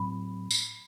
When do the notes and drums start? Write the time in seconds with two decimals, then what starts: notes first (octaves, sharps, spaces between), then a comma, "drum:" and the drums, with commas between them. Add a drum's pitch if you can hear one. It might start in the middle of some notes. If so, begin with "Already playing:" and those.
Already playing: A2 F#3 C4 B5
0.51 drum: tambourine